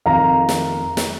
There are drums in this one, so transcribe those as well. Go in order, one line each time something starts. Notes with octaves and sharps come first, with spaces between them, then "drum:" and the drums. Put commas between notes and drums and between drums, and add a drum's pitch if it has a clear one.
F2 D#3 F5 A#5
drum: snare
drum: snare